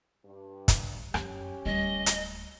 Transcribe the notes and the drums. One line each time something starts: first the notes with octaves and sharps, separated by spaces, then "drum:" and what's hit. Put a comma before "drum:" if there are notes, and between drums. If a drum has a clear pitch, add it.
G2
drum: kick, hi-hat
F#2 C#4 G4, drum: rim click
D1 G3 D#5
drum: hi-hat